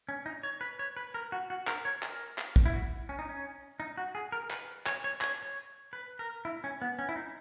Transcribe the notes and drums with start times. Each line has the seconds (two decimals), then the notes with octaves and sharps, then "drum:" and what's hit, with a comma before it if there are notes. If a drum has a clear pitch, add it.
0.09 C#4
0.26 D#4
0.43 C#5
0.61 B4
0.79 C#5
0.97 B4
1.14 A#4
1.32 F#4
1.50 F#4
1.67 A#4, drum: clap
1.85 C#5
2.03 A#4, drum: clap
2.38 drum: clap
2.56 drum: kick
2.66 E4
2.74 F#4
3.09 C#4
3.19 D#4
3.29 C#4
3.80 D#4
3.97 F#4
4.15 G#4
4.32 A#4
4.51 B4, drum: clap
4.86 C#5, drum: clap
5.04 C#5
5.21 C#5, drum: clap
5.43 C#5
5.93 B4
6.19 A#4
6.45 E4
6.64 C#4
6.82 B3
6.99 C#4
7.09 E4
7.16 D#4